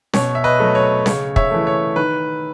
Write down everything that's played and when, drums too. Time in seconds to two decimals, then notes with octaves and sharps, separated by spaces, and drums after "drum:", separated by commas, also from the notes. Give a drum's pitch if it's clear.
0.13 B2 C#5, drum: snare C#4
0.35 E5
0.44 B4 D#5
0.60 F#3 A3
0.75 C#5
1.06 C#3 C#5, drum: snare C#4
1.36 C#5 E5, drum: kick
1.51 E3 A3
1.67 C#5
1.96 D#3 B4